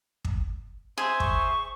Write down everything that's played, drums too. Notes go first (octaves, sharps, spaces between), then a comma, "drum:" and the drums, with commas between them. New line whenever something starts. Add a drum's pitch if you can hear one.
drum: kick
G#4 C5 E5 C6
C#6, drum: kick